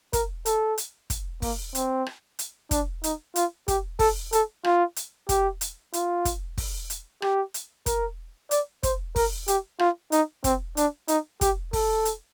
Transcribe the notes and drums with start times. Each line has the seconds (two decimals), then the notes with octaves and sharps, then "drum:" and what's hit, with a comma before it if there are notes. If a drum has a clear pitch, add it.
0.13 A#4, drum: kick, hi-hat
0.46 A4, drum: hi-hat
0.78 drum: hi-hat
1.10 drum: kick, hi-hat
1.42 A#3, drum: kick, open hi-hat
1.75 C4, drum: hi-hat
2.06 drum: rim click
2.39 drum: hi-hat
2.71 D4, drum: kick, hi-hat
3.04 D#4, drum: hi-hat
3.36 F4, drum: hi-hat
3.68 G4, drum: kick, hi-hat
3.99 A4, drum: kick, open hi-hat
4.32 A4, drum: hi-hat
4.64 F4, drum: rim click
4.96 drum: hi-hat
5.29 G4, drum: kick, hi-hat
5.61 drum: hi-hat
5.93 F4, drum: hi-hat
6.25 drum: kick, hi-hat
6.58 drum: kick, open hi-hat
6.90 drum: hi-hat
7.22 G4, drum: rim click
7.54 drum: hi-hat
7.86 A#4, drum: kick, hi-hat
8.51 D5, drum: hi-hat
8.83 C5, drum: kick, hi-hat
9.16 A#4, drum: kick, open hi-hat
9.48 G4, drum: hi-hat
9.79 F4, drum: rim click
10.12 D#4, drum: hi-hat
10.44 C4, drum: kick, hi-hat
10.77 D4, drum: hi-hat
11.08 D#4, drum: hi-hat
11.41 G4, drum: kick, hi-hat
11.73 A4, drum: kick, open hi-hat
12.05 drum: hi-hat